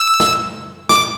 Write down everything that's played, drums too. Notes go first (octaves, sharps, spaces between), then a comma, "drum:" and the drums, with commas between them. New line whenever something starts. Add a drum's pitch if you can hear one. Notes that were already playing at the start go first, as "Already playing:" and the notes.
Already playing: E6
drum: snare
D6, drum: snare